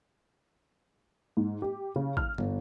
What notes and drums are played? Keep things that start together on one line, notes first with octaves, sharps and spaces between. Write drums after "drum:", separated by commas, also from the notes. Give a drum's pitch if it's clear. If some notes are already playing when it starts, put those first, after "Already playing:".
G#2
G4
C#3
F6, drum: kick
G1, drum: tom